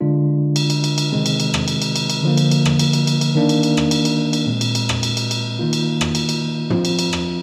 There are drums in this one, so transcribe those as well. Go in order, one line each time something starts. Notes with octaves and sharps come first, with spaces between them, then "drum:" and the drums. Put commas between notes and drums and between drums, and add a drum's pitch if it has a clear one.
D3 G#3 D4 F4
drum: cymbal
drum: cymbal
drum: cymbal
drum: cymbal
C3 D#3 G#3 C4
drum: cymbal
drum: cymbal
drum: rim click
drum: cymbal
drum: cymbal
drum: cymbal
drum: cymbal
D3 F3 A#3
drum: cymbal
drum: cymbal
drum: rim click
drum: cymbal
drum: cymbal
drum: cymbal
drum: cymbal
D#3 A#3 D4
drum: cymbal
drum: cymbal
drum: rim click
drum: cymbal
drum: cymbal
drum: cymbal
A#2 G#3 C4
drum: cymbal
drum: cymbal
drum: rim click
drum: cymbal
drum: cymbal
drum: cymbal
D#3 A#3 F4
drum: cymbal
drum: rim click
drum: cymbal
drum: cymbal
F3 C4 F4, drum: tom
drum: cymbal
drum: cymbal
drum: rim click